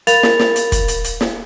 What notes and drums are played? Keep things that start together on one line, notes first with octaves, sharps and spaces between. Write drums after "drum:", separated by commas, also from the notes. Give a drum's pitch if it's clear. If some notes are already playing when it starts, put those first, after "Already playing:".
A#4 F5 B5 A6 F7, drum: hi-hat
drum: snare
drum: snare
drum: hi-hat
drum: kick, hi-hat
drum: hi-hat
drum: hi-hat
drum: snare